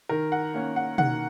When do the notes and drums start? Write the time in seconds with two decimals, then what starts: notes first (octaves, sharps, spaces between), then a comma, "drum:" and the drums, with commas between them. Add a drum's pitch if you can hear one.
0.09 D#3 A#4
0.32 F#5
0.54 A#3 C#4
0.76 F#5
0.98 D#3 F#5, drum: tom B2